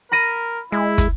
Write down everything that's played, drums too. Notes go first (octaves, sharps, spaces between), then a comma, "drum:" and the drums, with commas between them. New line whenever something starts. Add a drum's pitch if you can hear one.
A#4 B5 A#6 D#7
G#3 E4
drum: kick, hi-hat